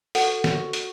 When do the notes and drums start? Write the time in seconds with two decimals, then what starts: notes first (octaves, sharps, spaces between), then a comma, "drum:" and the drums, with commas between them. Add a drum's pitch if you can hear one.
0.15 F#4 A4 F#5, drum: open hi-hat
0.44 drum: snare
0.73 drum: hi-hat